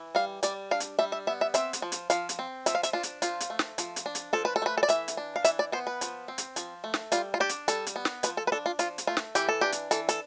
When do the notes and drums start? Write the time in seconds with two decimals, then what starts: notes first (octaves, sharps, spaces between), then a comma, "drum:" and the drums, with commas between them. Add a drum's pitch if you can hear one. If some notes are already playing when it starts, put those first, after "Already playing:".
Already playing: E3
0.15 G3 F5
0.43 G3 D5, drum: hi-hat
0.71 D4 F5
0.80 drum: hi-hat
0.99 G3 E5
1.12 E5
1.27 B3 E5
1.41 E5
1.54 C4 E5, drum: hi-hat
1.73 drum: hi-hat
1.82 F3
1.92 drum: hi-hat
2.10 F3 F5, drum: hi-hat
2.29 drum: hi-hat
2.39 C4
2.66 F3 E5, drum: hi-hat
2.75 F5
2.83 E5, drum: hi-hat
2.93 D4 F4
3.03 drum: hi-hat
3.22 F3 F4, drum: hi-hat
3.40 drum: hi-hat
3.50 A3
3.59 drum: snare
3.78 F3, drum: hi-hat
3.96 drum: hi-hat
4.06 D4
4.15 drum: hi-hat
4.33 F3 A4
4.45 B4
4.56 A4
4.62 A3 B4
4.78 A4
4.83 D5
4.89 E3 E5, drum: hi-hat
5.08 drum: hi-hat
5.17 D4
5.36 F5
5.45 E3 E5, drum: hi-hat
5.59 D5
5.72 B3 C5
5.87 B4
6.01 F3, drum: hi-hat
6.28 C4
6.38 drum: hi-hat
6.56 F3, drum: hi-hat
6.84 A3
6.94 drum: snare
7.12 G3 F4, drum: hi-hat
7.34 F4
7.40 D4 G4
7.49 drum: hi-hat
7.68 G3 A4, drum: hi-hat
7.87 drum: hi-hat
7.96 B3
8.05 drum: snare
8.23 F3 B4, drum: hi-hat
8.37 A4
8.47 B4
8.52 D4 A4
8.66 F4
8.79 F3 F4, drum: hi-hat
8.98 drum: hi-hat
9.07 A3 F4
9.17 drum: snare
9.35 E3 G4, drum: hi-hat
9.49 A4
9.61 D4 G4
9.72 drum: hi-hat
9.91 E3 A4, drum: hi-hat
10.09 A4, drum: hi-hat